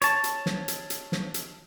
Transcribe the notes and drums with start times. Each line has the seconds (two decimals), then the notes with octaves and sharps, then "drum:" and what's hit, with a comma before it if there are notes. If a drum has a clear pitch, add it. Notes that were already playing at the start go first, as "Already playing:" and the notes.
0.02 C#5 A5, drum: hi-hat
0.24 drum: hi-hat
0.46 drum: snare
0.68 drum: hi-hat
0.90 drum: hi-hat
1.12 drum: snare
1.34 drum: hi-hat